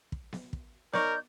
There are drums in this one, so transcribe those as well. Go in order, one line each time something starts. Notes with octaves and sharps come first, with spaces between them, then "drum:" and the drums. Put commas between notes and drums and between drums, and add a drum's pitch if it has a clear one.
drum: kick
drum: snare B3
drum: kick
D#4 A#4 C#5 D5 G6, drum: snare B3